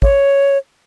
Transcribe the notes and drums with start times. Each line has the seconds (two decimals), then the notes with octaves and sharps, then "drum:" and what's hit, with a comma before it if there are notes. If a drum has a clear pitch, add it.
0.02 C#5, drum: kick